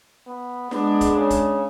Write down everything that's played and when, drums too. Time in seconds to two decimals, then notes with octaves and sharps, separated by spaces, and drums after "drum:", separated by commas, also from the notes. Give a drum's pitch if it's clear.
0.27 B3
0.71 G#3 B3 D4 G#4, drum: snare
1.01 drum: kick D1, hi-hat
1.16 C#3
1.30 drum: kick D1, hi-hat